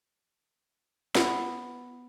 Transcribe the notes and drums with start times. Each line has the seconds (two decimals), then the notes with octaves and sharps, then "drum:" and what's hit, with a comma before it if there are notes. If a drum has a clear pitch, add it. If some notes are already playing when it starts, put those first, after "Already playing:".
1.15 B3, drum: snare